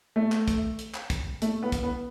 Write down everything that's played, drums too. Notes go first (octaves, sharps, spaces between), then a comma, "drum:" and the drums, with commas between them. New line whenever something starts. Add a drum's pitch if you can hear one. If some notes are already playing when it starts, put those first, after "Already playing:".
A3
drum: clap
drum: kick, hi-hat
drum: hi-hat
drum: clap
drum: kick, hi-hat
A3, drum: hi-hat
B3
drum: kick, hi-hat
B3